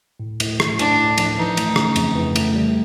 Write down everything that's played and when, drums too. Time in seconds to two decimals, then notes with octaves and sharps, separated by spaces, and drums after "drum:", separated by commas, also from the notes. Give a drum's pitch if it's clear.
0.20 A2
0.40 A2, drum: cymbal
0.60 A2, drum: rim click
0.79 A2 D4, drum: cymbal
0.99 A2
1.18 F3, drum: cymbal
1.37 E3 D#4
1.57 A3, drum: cymbal
1.76 C#3, drum: rim click
1.96 F2, drum: cymbal
2.15 E3
2.36 A3, drum: cymbal
2.55 G3